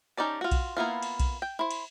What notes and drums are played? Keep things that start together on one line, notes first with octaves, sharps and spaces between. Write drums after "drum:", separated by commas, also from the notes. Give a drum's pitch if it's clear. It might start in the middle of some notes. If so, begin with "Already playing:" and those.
C#4 D#4 G4 D5 A5
F4 F#4
drum: kick B1, cymbal
A#3 B3 E4 F4
drum: cymbal
drum: kick B1, cymbal
G5
E4 C5
drum: cymbal